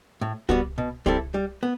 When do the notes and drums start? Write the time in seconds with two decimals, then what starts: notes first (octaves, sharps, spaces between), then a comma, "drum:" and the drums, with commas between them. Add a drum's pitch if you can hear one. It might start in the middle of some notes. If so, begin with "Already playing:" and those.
0.21 A2
0.49 G3 B3 F#4, drum: kick
0.78 B2
1.06 G3 C4 E4 A4, drum: kick
1.34 G3
1.63 B3